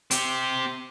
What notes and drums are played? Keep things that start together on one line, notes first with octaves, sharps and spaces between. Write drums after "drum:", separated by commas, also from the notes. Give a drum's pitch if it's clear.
C4 G4, drum: hi-hat